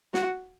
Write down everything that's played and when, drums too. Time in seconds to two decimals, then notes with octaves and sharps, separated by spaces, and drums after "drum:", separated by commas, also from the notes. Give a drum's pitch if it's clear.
0.14 F#4, drum: snare